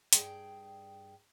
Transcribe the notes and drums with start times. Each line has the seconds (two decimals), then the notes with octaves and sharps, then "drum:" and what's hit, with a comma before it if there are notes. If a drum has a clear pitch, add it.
0.13 G2 G#4 G5, drum: hi-hat